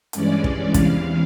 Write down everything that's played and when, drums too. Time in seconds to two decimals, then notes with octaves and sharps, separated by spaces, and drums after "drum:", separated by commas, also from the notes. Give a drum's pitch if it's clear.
0.13 G2 E3 G#3 C#4 D5, drum: hi-hat
0.44 drum: kick
0.74 E2 C3 E3 F5, drum: kick, hi-hat